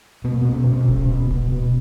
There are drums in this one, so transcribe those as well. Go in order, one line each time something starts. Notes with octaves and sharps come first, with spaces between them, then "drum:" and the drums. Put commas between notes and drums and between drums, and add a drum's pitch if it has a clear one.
B2 B3
A#3
B3
B2
C#4
B2
C#4
B2, drum: kick D1
B2 B3
B2, drum: kick D1
B2